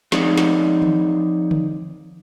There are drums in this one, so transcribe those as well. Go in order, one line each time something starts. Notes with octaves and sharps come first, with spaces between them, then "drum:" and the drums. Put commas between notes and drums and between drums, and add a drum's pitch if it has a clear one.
F3 C4 D#4 G#4 C#5 D5, drum: snare
drum: snare
drum: tom D#3
drum: tom D3